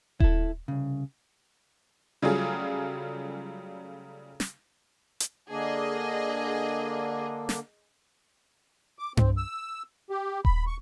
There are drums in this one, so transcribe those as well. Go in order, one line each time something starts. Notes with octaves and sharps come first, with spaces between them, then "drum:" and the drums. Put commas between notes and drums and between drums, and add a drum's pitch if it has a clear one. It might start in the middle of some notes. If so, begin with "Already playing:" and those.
E4 A4, drum: kick D#1
C2 C#3
C#3 F#3 G3 A3 F4 G#4
drum: snare
drum: hi-hat
D3 A#3 D4 G#4 D#5
drum: snare
D6
C4, drum: tom G2
E6
G4
B5, drum: kick D#1
C#6